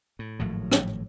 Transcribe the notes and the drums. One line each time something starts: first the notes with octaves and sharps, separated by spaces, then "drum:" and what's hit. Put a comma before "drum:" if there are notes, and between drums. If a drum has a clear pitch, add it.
A2
G#1 A2 F3 F#3
drum: rim click